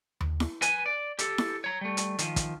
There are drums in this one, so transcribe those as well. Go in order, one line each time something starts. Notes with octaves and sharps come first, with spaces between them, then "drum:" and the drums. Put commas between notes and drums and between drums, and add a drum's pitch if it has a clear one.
drum: tom D#2
drum: snare E4
B4 G#5, drum: hi-hat
D5
G4 A4, drum: hi-hat
drum: snare E4
C#5 A#5
G3 A3
drum: hi-hat
D#3 F3, drum: hi-hat
drum: kick, hi-hat